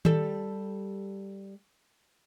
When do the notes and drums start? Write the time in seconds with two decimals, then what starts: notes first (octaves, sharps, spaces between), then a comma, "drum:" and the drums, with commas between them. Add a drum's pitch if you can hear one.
0.05 G3 A4, drum: tom D#3